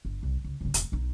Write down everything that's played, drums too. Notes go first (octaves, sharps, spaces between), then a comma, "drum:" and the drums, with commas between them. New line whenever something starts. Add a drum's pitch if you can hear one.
G1
C2
C#2
G1 C#2
E1, drum: hi-hat
B1 D#4